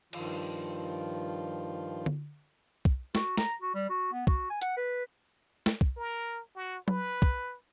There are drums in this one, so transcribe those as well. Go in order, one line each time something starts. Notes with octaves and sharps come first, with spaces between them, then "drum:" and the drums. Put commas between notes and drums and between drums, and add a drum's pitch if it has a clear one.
G2 D#3 F3 F4, drum: cymbal
drum: tom D3
drum: kick
F#4, drum: snare
A#5, drum: snare
F#4
G3
F#4
B3
F#4, drum: kick
G#5
F#5, drum: hi-hat
B4
drum: snare
drum: kick
A#4
F#4
B4, drum: tom F#3
drum: kick